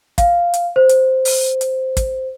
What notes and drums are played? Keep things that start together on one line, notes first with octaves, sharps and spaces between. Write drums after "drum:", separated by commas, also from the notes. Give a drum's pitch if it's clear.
F5, drum: kick, hi-hat
drum: hi-hat
C5
drum: hi-hat
drum: open hi-hat
drum: hi-hat
drum: kick, hi-hat